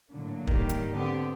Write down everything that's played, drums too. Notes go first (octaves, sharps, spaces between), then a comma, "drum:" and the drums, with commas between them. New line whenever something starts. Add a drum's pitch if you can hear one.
A2 D3 F#3 A#3
G#2 D#3 G3 G4, drum: kick
drum: hi-hat
D3 B3 C4 D4 G4